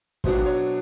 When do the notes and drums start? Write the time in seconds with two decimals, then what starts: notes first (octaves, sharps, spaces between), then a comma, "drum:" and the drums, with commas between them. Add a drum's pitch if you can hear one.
0.24 B2 F#3 B3 D4 C5, drum: kick
0.45 C#5